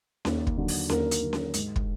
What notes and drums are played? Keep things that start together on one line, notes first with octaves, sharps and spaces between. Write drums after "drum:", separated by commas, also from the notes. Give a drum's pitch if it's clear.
D#2, drum: snare C#4
drum: kick
D3 F#3
drum: open hi-hat
D#2 A#4, drum: snare C#4
drum: hi-hat
D3 F#3
drum: snare C#4
G#2, drum: hi-hat
drum: kick